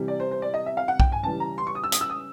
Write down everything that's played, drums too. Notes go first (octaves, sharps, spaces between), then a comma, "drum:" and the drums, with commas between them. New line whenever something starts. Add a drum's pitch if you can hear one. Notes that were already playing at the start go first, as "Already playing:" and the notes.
Already playing: C3 E3 G3
D5
C5
C5
D5
D#5
E5
F5
F#5
G5, drum: kick
G#5
C#3 E3 G3 A5
A#5
C6
C#6
D#6
E6
D#6, drum: hi-hat
E6
D#6